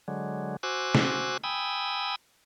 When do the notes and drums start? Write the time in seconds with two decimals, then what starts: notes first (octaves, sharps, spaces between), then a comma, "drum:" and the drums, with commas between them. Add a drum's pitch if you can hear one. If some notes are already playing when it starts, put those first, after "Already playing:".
0.08 D3 F#3 G#3
0.63 F#4 C5 G#5 D6 E6 F#6
0.95 drum: snare
1.44 G5 G#5 B5 D#6 E6